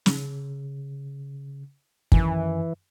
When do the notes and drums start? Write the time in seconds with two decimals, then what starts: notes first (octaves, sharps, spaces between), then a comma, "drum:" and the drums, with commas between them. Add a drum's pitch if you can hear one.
0.06 C#3, drum: snare
2.12 F#2 D#3 E3 G#5, drum: kick